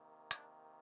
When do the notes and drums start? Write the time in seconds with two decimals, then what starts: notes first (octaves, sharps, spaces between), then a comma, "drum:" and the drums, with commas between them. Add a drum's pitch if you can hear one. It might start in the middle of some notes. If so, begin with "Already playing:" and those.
Already playing: C3 D#3 A#3
0.31 D4, drum: hi-hat